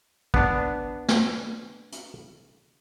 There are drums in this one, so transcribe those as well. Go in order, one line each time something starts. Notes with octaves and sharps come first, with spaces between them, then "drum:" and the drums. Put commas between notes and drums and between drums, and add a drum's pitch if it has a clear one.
B3 D4, drum: kick
drum: snare
drum: hi-hat